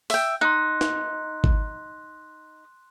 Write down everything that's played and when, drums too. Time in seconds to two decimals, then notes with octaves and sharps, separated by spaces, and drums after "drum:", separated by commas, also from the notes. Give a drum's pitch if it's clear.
0.10 E5 G5, drum: open hi-hat
0.41 D#4 C6 F#6
0.81 drum: snare
1.44 drum: kick G#1